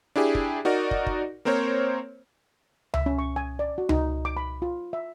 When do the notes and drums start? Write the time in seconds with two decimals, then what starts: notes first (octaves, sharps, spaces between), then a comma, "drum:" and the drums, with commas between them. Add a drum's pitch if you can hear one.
0.16 D4 E4 G4 G#4
0.35 drum: kick
0.65 D#4 F#4 A#4 D5
0.91 drum: kick
1.07 drum: kick
1.45 A#3 C4 A#4 C5 C#5
2.94 E5, drum: tom C#2
3.06 C#4
3.19 C#6
3.36 G#5
3.59 D5
3.78 F#4
3.89 D#4, drum: tom C#2
4.25 D6
4.37 B5
4.62 F4
4.93 E5